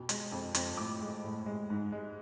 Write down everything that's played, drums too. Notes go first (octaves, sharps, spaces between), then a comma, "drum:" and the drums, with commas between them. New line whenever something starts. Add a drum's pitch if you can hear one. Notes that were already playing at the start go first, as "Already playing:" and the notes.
Already playing: F2 B2
G#3, drum: hi-hat
F2
F2, drum: hi-hat
A2 D6
G#3
A2
G#3
G#2
G#3